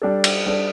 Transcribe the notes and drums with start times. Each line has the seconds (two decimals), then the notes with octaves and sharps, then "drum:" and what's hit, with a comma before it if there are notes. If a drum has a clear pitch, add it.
0.02 G3 D4 A4
0.24 drum: cymbal
0.46 G3 D4 A4